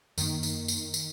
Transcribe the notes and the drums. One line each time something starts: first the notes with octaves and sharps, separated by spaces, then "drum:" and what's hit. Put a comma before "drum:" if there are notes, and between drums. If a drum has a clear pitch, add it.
F#2 D#3 A#3, drum: tambourine
drum: tambourine
drum: tambourine
drum: tambourine